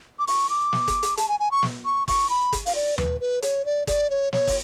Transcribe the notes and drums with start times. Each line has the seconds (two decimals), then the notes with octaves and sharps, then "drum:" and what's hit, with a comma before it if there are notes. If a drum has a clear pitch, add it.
0.19 D6
0.27 C#6, drum: open hi-hat
0.50 D6
0.73 drum: snare
0.88 drum: kick, hi-hat
1.03 drum: hi-hat
1.17 A5, drum: hi-hat
1.29 G#5
1.40 G#5
1.51 C#6
1.63 drum: snare
1.85 C#6
2.08 C#6, drum: kick, open hi-hat
2.30 B5
2.52 drum: kick, hi-hat
2.66 F5, drum: open hi-hat
2.75 D5
2.98 B4, drum: tom D#2
3.21 B4
3.42 C#5, drum: hi-hat
3.65 D5
3.87 D5, drum: kick, hi-hat
4.10 C#5
4.33 C#5, drum: snare
4.47 drum: kick, open hi-hat